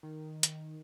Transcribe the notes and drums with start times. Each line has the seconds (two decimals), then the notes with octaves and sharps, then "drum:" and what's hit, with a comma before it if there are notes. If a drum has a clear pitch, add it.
0.03 D#3
0.43 drum: hi-hat